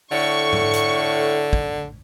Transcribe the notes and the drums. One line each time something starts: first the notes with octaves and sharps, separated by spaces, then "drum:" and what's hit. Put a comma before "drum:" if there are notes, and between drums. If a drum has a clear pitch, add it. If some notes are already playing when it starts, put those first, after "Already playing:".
A2 D3 C#6
drum: tom G#2
drum: hi-hat
drum: kick